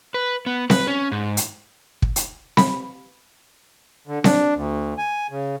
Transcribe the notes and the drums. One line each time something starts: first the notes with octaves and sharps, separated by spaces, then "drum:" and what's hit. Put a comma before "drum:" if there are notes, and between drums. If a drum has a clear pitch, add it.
B4
B3
B4, drum: snare C4
C#4
G#2
drum: hi-hat
drum: kick
drum: hi-hat
B5, drum: snare C4
D3
D4, drum: snare C4
D2
G#5
C#3